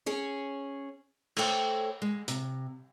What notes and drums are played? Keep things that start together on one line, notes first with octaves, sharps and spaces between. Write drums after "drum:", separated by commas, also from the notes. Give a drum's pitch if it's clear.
C#4 G#4 C#5
A3 A4 C5 C#5 G5, drum: cymbal
G#3
C3, drum: hi-hat